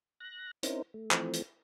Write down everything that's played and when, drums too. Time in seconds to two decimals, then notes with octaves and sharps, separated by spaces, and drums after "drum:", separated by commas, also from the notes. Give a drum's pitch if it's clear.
0.20 F#6 A#6
0.63 C4 C#4 D#4 E4 A#4 C5, drum: hi-hat
0.94 A3
1.11 E3 F3 A3 C4, drum: clap
1.33 drum: hi-hat